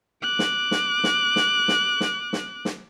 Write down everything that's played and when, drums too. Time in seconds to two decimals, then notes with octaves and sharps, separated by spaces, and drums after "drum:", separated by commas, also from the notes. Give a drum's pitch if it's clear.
0.23 D6 F#6
0.39 drum: snare
0.71 drum: snare
1.04 drum: snare
1.36 drum: snare
1.68 drum: snare
2.00 drum: snare
2.33 drum: snare
2.65 drum: snare